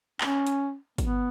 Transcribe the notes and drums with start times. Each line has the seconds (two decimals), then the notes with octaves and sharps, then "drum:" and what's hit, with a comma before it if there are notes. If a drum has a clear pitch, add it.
0.21 C#4, drum: clap
0.47 drum: hi-hat
0.98 B3, drum: kick, hi-hat